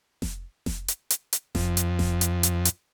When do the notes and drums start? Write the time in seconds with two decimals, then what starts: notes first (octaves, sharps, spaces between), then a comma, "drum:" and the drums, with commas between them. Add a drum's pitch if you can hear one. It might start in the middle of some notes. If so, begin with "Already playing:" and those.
0.22 drum: snare F1
0.66 drum: snare F1
0.88 drum: hi-hat
1.10 drum: hi-hat
1.33 drum: hi-hat
1.55 F2, drum: snare F1
1.77 drum: hi-hat
1.99 drum: snare F1
2.21 drum: hi-hat
2.43 drum: hi-hat
2.65 drum: hi-hat